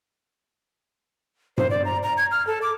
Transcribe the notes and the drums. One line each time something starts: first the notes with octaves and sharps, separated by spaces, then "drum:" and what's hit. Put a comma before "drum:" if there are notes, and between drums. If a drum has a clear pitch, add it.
C5, drum: tom G2
D5
A#5
A#5
G#6
F6
A4
D6